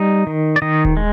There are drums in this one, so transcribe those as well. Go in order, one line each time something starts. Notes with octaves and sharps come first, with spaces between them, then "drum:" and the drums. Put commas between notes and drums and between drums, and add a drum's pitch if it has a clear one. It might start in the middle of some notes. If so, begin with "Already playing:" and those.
Already playing: G3 D#4
D#3
D5
D#3 D#5
drum: kick D#1
G#3